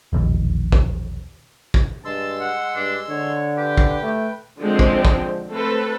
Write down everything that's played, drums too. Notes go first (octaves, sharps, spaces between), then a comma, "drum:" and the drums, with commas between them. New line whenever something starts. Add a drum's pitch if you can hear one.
E1 A#1 D#2
drum: kick
drum: kick
G2 G#3 A5 C6 E6
F#5
G2 D4
D3 C#5
G4 B4 G5
drum: kick
A3
D3 F3 G#3 C4
drum: kick
drum: kick
A3 C4 A4 B4